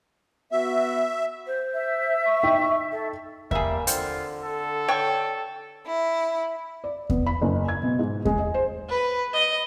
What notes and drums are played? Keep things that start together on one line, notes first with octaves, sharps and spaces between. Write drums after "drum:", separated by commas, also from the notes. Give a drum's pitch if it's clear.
B3 F#4 E5
C5
E5
C#6
D#4 G5
A4
G3 A#3 G#4 E5, drum: kick E2
D3 C4 F4, drum: hi-hat
A4
C#5 G5 C#6
E4
D5
B3, drum: kick E2
B5
F#1
G#6
B2
G#2
G#3, drum: kick E2
D#5
C5
B4
D#5